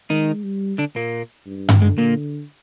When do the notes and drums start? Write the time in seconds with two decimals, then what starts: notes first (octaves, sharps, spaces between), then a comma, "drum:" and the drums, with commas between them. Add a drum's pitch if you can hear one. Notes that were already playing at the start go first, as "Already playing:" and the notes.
0.10 D#3 G#3 D#4
0.44 G3
0.78 D3 D4
0.96 A#2 A#3
1.47 G2
1.69 drum: tom G2
1.81 G#2 D3 G#3
1.98 A#2 A#3